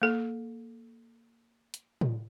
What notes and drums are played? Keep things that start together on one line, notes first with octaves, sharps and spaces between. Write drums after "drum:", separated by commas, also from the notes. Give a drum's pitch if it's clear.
A#3 A4
drum: hi-hat
drum: tom A2